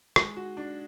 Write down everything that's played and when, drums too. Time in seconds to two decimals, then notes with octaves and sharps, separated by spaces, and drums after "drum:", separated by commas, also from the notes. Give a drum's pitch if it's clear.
0.16 G#3, drum: rim click
0.36 F#4
0.57 D4